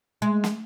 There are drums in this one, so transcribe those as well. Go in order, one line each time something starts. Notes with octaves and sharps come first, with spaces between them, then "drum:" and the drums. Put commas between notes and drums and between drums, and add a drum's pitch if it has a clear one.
G#3
drum: snare